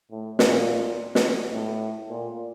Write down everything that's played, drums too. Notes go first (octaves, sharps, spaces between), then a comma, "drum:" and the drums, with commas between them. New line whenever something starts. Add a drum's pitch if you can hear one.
A2
A#2, drum: snare
drum: snare
A2
A#2